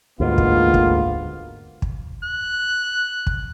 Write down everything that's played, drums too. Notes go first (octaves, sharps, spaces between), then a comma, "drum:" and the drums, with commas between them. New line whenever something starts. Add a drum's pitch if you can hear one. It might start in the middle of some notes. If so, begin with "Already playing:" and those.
D2 G#2 A#3 B3 F4
drum: kick
drum: kick
drum: kick
F#6
drum: kick